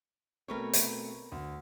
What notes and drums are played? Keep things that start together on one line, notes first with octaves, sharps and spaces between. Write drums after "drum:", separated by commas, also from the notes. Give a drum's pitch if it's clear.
B2 A3 C4 A#4 B4 C#5
drum: hi-hat
D2